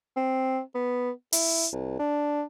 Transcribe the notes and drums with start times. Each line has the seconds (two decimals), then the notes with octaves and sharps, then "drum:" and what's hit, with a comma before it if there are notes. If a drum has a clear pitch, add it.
0.16 C4
0.75 B3
1.33 E4, drum: open hi-hat
1.73 C2
1.99 D4